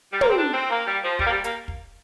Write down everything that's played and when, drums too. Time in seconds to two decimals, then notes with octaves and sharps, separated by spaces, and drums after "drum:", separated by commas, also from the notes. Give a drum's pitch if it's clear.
0.12 G3
0.21 A#3, drum: tom
0.29 C4
0.37 D4
0.53 C4
0.70 A#3
0.86 G3
1.03 F3
1.19 G3, drum: kick
1.26 A#3
1.31 G3
1.44 A#3, drum: hi-hat
1.68 drum: kick